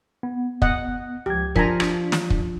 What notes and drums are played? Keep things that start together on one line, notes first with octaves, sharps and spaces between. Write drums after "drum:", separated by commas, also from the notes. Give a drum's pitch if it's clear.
B3
D#5 F#5, drum: kick
C#2 F3 G4 G#6
F3 D4 A#4 G#5 A#5 B6, drum: kick
drum: rim click
drum: snare
drum: kick